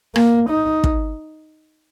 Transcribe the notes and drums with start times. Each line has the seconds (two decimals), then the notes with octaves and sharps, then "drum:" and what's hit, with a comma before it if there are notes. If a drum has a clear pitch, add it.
0.16 A#3, drum: rim click
0.50 D#4
0.84 drum: kick